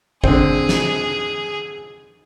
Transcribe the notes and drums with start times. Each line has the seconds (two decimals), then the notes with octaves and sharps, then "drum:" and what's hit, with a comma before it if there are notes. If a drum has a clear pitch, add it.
0.24 D3 C4 G#4, drum: kick G#1
0.69 drum: snare